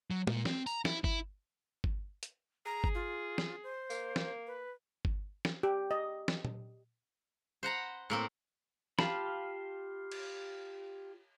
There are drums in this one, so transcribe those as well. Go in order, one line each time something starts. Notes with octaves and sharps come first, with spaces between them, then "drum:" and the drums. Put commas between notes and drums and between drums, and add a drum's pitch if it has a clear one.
F#3
A#2, drum: tom
C4, drum: snare
A#5, drum: tambourine
E4, drum: snare
E4, drum: kick G1
drum: kick G1
drum: hi-hat
G#4 A#5
drum: kick G1
F4
drum: snare
C5
A#3, drum: tambourine
drum: snare
B4
drum: kick G1
drum: snare
G4
D#5
drum: snare
drum: tom A#2
C5 F#5 A#5 B5
A2 A#3 C4
F4 G4 F5 A5 B5, drum: snare
drum: cymbal